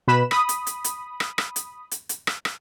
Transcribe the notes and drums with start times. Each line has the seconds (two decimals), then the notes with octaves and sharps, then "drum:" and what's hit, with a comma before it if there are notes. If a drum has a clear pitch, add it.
0.08 B2 B4 B5 E7
0.31 B5 D#6, drum: rim click
0.49 drum: hi-hat
0.67 drum: hi-hat
0.84 drum: hi-hat
1.20 drum: rim click
1.38 drum: rim click
1.56 drum: hi-hat
1.91 drum: hi-hat
2.09 drum: hi-hat
2.27 drum: rim click
2.45 drum: rim click